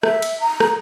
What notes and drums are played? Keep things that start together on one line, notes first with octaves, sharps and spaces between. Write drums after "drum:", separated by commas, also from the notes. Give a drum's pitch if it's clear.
E5, drum: rim click
drum: cymbal
A#5
drum: rim click